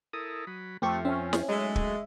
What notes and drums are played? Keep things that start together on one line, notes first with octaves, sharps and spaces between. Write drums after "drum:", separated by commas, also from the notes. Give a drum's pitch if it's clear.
E4 A4 A#4 D#6
F#3 B5
F2 F3 A3 C4 G4 C#6
C4 C#4 E5
drum: snare
F#3 G#3 A3 D#4 E5
drum: kick